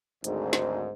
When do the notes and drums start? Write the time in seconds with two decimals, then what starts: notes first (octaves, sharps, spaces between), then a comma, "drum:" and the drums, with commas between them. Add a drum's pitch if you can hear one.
0.24 G#1 D2 G#2, drum: hi-hat
0.53 drum: snare